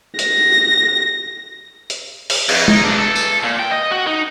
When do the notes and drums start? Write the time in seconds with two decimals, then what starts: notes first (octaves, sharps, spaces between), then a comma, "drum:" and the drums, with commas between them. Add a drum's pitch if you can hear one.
0.19 A#6, drum: hi-hat
1.90 drum: hi-hat
2.30 drum: open hi-hat
2.49 F2, drum: cymbal
2.68 D#4, drum: tom
2.85 D4
2.98 A4
3.15 drum: tambourine
3.43 A#2
3.59 G5
3.71 D#5
3.91 F#4
4.07 D#4